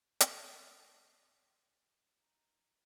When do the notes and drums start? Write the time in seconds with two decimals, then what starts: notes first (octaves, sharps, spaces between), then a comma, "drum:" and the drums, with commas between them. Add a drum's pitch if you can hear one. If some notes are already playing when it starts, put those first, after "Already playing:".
0.20 D#4, drum: hi-hat
1.19 F4
2.19 D#4